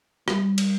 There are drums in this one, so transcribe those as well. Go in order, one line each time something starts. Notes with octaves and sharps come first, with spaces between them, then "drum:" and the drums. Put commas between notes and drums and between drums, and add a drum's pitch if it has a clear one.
G3, drum: rim click
drum: cymbal